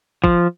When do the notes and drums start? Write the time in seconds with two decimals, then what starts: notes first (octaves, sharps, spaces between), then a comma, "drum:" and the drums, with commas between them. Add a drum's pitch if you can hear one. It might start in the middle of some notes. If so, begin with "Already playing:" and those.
0.24 F3, drum: kick